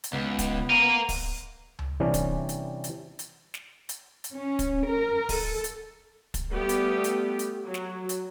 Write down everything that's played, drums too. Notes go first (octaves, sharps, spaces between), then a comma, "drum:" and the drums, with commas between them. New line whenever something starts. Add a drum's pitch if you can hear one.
drum: hi-hat
C#2 B3
drum: kick, hi-hat
A#4 F5 D#7
drum: kick, open hi-hat
drum: tom C#2
C3 E3 G3 C#4 D4
drum: kick, hi-hat
drum: hi-hat
drum: hi-hat
drum: hi-hat
drum: snare
drum: hi-hat
drum: hi-hat
C#4
drum: kick, hi-hat
A#4
A4, drum: kick, open hi-hat
drum: hi-hat
drum: kick, hi-hat
G3 A3 B3 G4
drum: hi-hat
drum: hi-hat
drum: hi-hat
F#3
drum: snare
drum: hi-hat